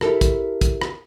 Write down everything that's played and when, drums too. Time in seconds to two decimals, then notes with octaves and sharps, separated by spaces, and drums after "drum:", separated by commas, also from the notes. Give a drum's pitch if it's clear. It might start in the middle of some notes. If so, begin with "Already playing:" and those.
0.01 E4 G4 A4 A#4, drum: rim click
0.21 drum: kick, hi-hat
0.61 drum: kick, hi-hat
0.81 drum: rim click